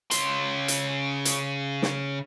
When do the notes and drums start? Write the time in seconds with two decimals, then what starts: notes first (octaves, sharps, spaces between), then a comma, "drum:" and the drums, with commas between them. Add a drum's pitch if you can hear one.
0.11 C#3 C6, drum: hi-hat
0.68 drum: hi-hat
1.25 drum: hi-hat
1.82 drum: snare